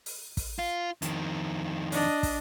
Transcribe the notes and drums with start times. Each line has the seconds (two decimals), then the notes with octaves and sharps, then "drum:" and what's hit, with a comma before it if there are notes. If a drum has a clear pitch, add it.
0.06 drum: open hi-hat
0.37 drum: kick, open hi-hat
0.59 F4
1.02 F2 D#3, drum: hi-hat
1.92 D4 D#5, drum: open hi-hat
2.23 drum: kick, open hi-hat